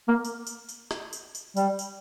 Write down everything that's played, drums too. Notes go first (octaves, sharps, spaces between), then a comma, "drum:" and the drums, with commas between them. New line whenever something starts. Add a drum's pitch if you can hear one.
A#3
drum: tambourine
drum: tambourine
drum: tambourine
drum: rim click
drum: tambourine
drum: tambourine
G3, drum: tambourine
drum: tambourine